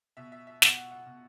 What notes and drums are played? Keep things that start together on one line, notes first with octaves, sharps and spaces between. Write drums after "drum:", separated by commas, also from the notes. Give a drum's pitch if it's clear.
B2 E5
E5
E5
B2 F#5, drum: snare
F#5
F#5
B2